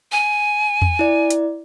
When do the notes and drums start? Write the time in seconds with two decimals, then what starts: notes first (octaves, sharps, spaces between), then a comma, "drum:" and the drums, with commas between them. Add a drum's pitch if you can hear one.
0.12 G#5
0.82 drum: tom E2
0.99 E4 D5
1.31 drum: hi-hat